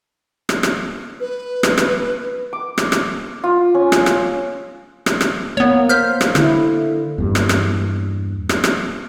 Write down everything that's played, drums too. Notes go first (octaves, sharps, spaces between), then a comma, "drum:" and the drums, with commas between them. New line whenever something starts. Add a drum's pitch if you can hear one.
drum: rim click
drum: rim click
B4
drum: rim click
drum: rim click
D6
drum: rim click
drum: rim click
F4
C#4
drum: rim click
drum: rim click
drum: rim click
drum: rim click
A#3 B3 C#5
C5 F6 G6 B6
drum: rim click
D3 E4, drum: rim click
E2 G2 A#3
drum: rim click
drum: rim click
drum: rim click
drum: rim click